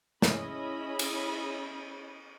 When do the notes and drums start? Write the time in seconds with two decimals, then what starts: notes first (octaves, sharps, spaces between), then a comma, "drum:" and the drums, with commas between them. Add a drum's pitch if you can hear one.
0.22 C#4 E4 G#4 D#5 B5, drum: snare
0.99 drum: cymbal